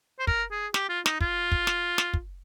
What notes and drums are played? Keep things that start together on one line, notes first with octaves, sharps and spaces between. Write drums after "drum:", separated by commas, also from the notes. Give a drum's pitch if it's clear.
C5
A#4, drum: kick
G#4
G4, drum: snare
F4
D#4, drum: snare
F4, drum: kick
drum: kick
drum: snare
drum: snare
drum: kick